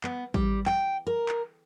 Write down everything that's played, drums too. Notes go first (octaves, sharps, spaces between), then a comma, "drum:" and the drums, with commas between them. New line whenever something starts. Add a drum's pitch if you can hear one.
B3, drum: clap
G3, drum: kick
G5, drum: clap
A#4
drum: clap